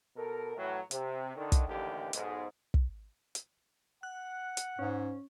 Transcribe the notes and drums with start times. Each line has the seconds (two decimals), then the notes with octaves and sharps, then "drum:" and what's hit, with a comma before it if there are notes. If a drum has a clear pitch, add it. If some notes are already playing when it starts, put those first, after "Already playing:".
0.17 B2 A4 A#4
0.57 A2 E3 F#3
0.91 C3, drum: hi-hat
1.36 D3 D#3
1.52 drum: kick, hi-hat
1.68 A1 D#2 D3 E3 G4
2.13 B1 G#2, drum: hi-hat
2.74 drum: kick
3.35 drum: hi-hat
4.03 F#5 F#6
4.57 drum: hi-hat
4.79 G#2 C#4